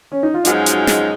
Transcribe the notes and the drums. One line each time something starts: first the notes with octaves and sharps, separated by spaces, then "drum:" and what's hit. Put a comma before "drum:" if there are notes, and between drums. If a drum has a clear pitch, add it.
C#4
D#4
F4
F#2 F3 G#3 D#4 F#4, drum: hi-hat
drum: hi-hat
G#4, drum: snare